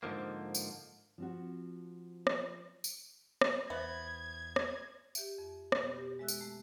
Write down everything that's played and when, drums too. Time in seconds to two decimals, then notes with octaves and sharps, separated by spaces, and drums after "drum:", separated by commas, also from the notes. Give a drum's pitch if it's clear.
0.03 G#2 D3 F3 A#3
0.54 drum: tambourine
1.18 F3 C4 F#4
2.27 drum: rim click
2.84 drum: tambourine
3.41 drum: rim click
3.70 E2 B3 C5 E5 G#6
4.56 drum: rim click
5.15 G4 E5, drum: tambourine
5.38 F2
5.72 B2 B3, drum: rim click
5.92 F#4 G4
6.19 G#3 A4 E5 G#5 E6 F#6
6.28 drum: tambourine
6.41 A3